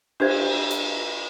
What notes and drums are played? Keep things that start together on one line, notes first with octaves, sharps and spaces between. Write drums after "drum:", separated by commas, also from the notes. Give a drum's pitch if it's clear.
D4 G4 C5 G#6, drum: cymbal
drum: hi-hat